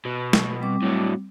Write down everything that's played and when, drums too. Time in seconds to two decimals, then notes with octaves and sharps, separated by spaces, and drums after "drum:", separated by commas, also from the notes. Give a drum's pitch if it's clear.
0.05 B2
0.33 drum: snare
0.62 G3 C4 D6
0.82 A2 F#3